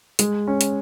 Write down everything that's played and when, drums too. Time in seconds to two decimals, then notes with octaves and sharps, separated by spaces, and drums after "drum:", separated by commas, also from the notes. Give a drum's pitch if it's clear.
0.19 G#3, drum: hi-hat
0.47 C#4
0.61 drum: hi-hat